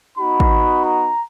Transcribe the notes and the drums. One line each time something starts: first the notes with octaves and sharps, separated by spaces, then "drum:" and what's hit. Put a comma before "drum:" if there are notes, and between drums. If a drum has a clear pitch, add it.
B3 D#4 F#4 B5
drum: kick
A#5